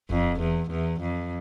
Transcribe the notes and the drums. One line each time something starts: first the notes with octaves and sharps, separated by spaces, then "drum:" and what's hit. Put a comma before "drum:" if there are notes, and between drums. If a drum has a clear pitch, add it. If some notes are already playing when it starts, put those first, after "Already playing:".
F2, drum: kick D#1
E2
E2
F2